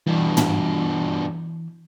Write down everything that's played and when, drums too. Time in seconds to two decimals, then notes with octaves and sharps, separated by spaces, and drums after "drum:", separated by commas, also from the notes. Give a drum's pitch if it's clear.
0.07 G2 B2 E3
0.37 drum: tom